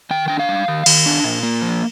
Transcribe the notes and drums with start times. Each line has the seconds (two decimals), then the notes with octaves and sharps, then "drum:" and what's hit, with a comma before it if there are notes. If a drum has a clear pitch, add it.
0.11 D#3 G5
0.28 D4 G5
0.40 F5
0.49 G3
0.68 D#3
0.86 D#3, drum: cymbal
1.06 D4
1.24 A#2
1.43 A#3
1.62 F3